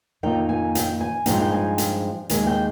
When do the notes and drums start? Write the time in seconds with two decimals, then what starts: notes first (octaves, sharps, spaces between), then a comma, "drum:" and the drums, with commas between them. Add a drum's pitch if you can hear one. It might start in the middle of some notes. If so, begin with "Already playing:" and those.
0.23 F2 D#3 A#3 D#4 G5
0.49 G#5
0.75 G5, drum: hi-hat
1.01 G#5
1.26 G2 F3 G#3 C4 D#4 G5, drum: hi-hat
1.42 G5
1.52 G#5
1.78 G5, drum: hi-hat
2.29 D#2 D#3 G#3 G#5, drum: hi-hat
2.47 G5